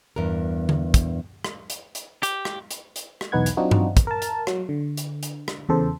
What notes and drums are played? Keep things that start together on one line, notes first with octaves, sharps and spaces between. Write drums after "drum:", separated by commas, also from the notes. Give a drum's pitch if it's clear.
E2 G2 A#4
drum: tom D3
drum: kick, hi-hat
drum: rim click
drum: hi-hat
drum: hi-hat
G4, drum: hi-hat
drum: rim click
drum: hi-hat
drum: hi-hat
drum: rim click
B1 E2 D#4 B4 F#5 G#6
drum: hi-hat
F#3 C4 D4 D#4 F4 F#4
drum: tom G2
drum: kick, hi-hat
A#4 A5
drum: hi-hat
F#3, drum: rim click
D3
drum: hi-hat
drum: hi-hat
drum: rim click
E2 C#3 A4 C5